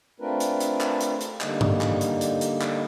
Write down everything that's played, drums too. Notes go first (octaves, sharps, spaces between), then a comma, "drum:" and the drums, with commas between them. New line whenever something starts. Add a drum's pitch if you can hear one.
A3 C4 D4 F4 A#4 B4
drum: hi-hat
drum: hi-hat
drum: clap
drum: hi-hat
drum: hi-hat
D3 G3 A#3 D#4, drum: clap
drum: tom G2
drum: clap
drum: hi-hat
drum: hi-hat
drum: hi-hat
drum: clap